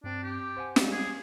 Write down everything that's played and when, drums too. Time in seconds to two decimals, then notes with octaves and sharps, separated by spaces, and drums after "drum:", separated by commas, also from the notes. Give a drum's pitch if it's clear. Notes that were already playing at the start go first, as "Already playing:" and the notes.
0.04 G2 C4 D4
0.23 G4
0.57 C5 F#5 G#5
0.76 G3 G#3 F5, drum: snare
0.92 G#4